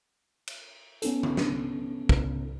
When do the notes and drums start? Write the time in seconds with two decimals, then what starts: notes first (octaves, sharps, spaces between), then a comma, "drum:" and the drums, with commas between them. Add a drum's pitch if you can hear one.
0.47 drum: cymbal
1.02 B3 C#4 D#4 A4, drum: hi-hat
1.23 drum: tom D3
1.37 drum: snare
2.09 drum: kick